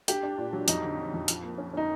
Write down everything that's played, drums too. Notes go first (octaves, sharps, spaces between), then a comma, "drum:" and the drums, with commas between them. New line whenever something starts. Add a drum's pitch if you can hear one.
D4 G4, drum: hi-hat
D4
A#2
F#3
F2 D#4, drum: hi-hat
D3
D3
F2
F3, drum: hi-hat
A#3
C#4
C#4 D#4